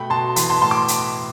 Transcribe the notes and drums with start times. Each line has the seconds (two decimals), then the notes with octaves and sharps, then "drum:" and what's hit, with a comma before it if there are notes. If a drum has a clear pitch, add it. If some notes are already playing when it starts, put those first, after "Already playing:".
Already playing: B2 A3 G5 B5
0.10 B2 A5 C6
0.36 E3 A5 C6, drum: hi-hat
0.50 A5 C6
0.62 A2 A5 C6
0.71 D6
0.88 drum: hi-hat